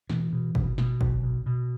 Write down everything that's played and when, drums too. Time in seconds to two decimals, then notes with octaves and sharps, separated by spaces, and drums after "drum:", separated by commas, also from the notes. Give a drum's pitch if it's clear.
0.10 B2 E3, drum: snare
0.33 B2
0.55 B2, drum: kick
0.78 B2, drum: snare
1.01 B1, drum: kick
1.23 B2
1.46 B2